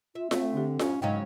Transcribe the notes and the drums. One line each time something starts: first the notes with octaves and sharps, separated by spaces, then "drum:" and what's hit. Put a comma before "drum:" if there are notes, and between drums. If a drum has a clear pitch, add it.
F4 E5
A3 C4, drum: snare F4
D3 D4 G4
F2 G#2 C#4, drum: snare F4
G#2 C#3 F#3 G#3 C#4 D#5 F5 G5